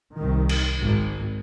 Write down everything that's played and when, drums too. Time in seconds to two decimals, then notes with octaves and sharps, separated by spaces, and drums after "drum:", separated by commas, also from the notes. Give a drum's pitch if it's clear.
0.17 C2 D#3
0.49 drum: cymbal
0.80 G#1